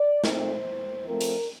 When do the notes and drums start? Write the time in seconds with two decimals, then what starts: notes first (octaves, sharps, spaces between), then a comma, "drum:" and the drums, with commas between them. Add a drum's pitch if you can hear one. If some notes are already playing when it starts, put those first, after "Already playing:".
Already playing: D5
0.24 A#2 A3 C4 D#4 C5, drum: snare
1.06 F3 A3 C4 A#4
1.21 drum: hi-hat